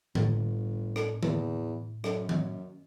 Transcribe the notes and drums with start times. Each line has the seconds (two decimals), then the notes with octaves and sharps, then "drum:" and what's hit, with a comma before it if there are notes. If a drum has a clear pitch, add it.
0.15 G1 A2, drum: tom D3
0.96 drum: rim click
1.23 E2, drum: tom D3
2.04 F#2, drum: rim click
2.29 drum: tom D#3